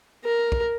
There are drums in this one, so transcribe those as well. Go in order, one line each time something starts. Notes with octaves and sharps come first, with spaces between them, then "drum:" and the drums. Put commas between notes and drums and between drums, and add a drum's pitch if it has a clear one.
A#4
drum: kick